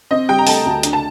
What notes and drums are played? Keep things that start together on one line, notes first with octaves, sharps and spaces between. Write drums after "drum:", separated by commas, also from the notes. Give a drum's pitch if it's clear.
C4 D#5
G3 G5
A#5
A3 A5, drum: open hi-hat
D2
D4, drum: hi-hat
A5